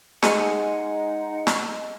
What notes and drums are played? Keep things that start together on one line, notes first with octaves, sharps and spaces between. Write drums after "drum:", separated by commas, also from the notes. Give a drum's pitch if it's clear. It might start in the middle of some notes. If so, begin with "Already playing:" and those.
G#3 D#4 G#4 D#5 F#5 C#7, drum: snare
drum: snare